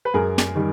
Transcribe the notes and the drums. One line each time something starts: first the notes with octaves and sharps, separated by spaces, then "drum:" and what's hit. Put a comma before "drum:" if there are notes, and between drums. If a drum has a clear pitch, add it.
B4
F#2 G#4 A#4
drum: snare
D#3 G3